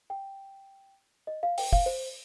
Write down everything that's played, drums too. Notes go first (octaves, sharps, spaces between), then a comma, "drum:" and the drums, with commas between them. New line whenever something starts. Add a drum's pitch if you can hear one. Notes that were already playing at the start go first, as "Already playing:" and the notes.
G5
D#5
F5
G5, drum: open hi-hat
F5, drum: kick
C5